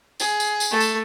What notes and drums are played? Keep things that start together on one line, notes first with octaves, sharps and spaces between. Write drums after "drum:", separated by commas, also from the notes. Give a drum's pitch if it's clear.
G#4, drum: tambourine
drum: tambourine
drum: tambourine
A3 A4
drum: tambourine